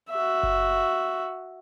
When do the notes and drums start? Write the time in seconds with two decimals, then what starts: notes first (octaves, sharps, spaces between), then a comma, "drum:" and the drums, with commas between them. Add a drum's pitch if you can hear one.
0.10 F#4 E5
0.43 drum: kick F#1